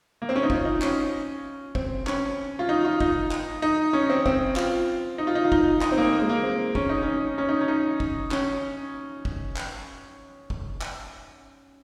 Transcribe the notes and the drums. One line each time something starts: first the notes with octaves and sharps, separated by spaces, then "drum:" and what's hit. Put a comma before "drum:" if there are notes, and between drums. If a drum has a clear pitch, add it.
A#3
C4
C#4
D#4
F4, drum: kick
D#4
C#4, drum: clap
C4, drum: kick
C#4, drum: clap
F4
D#4
F4
D#4, drum: kick
drum: clap
D#4
C#4
C4
C4, drum: kick
F4, drum: clap
D#4
F4
D#4
F4
D#4, drum: kick
D#4, drum: clap
C4
A#3
C4
A#3
G#3
A#3
C4
C#4, drum: kick
D#4
C#4
C#4
D#4
C#4
D#4
drum: kick
C#4, drum: clap
drum: kick
drum: clap
drum: kick
drum: clap